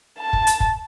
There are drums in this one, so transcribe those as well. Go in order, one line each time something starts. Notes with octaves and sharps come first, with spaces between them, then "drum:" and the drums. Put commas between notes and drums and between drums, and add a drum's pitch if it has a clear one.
A5
drum: kick
drum: hi-hat
drum: kick